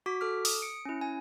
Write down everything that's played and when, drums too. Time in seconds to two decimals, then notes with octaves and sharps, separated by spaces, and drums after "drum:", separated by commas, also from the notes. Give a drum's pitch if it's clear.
0.06 F#4 D6 B6
0.21 A4 D6 F6
0.45 D#6, drum: open hi-hat
0.62 C#7 D7
0.85 C#4 E4
1.01 G#5